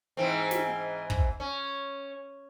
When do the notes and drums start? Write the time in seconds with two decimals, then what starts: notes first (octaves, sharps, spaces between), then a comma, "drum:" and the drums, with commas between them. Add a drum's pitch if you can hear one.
0.17 G#2 E3 C4
0.51 drum: snare
1.10 drum: kick
1.40 C#4